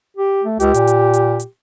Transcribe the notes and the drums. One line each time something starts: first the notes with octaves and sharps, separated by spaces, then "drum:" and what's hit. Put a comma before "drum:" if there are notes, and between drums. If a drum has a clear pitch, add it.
G4
A3
C#2 G4, drum: hi-hat
A#2, drum: hi-hat
drum: hi-hat
drum: hi-hat
drum: hi-hat